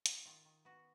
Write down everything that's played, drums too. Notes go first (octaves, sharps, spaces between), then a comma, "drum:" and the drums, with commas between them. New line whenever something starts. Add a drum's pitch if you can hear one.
F#3 D#4, drum: hi-hat
D#3 F4
D#3
B3 F#4